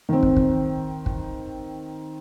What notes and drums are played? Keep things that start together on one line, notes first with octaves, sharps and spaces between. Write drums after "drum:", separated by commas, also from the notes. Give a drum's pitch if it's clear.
D#3 C4
drum: kick
drum: kick
drum: kick